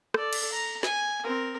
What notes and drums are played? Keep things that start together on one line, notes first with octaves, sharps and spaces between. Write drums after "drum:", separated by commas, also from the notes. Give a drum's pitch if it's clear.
A4 D5, drum: rim click
drum: cymbal
A#5
G#5, drum: snare
C4 A#4